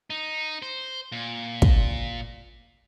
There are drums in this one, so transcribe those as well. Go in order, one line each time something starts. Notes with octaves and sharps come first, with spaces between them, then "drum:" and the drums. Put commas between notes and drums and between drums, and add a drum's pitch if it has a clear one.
D#4
C5
A#2
drum: kick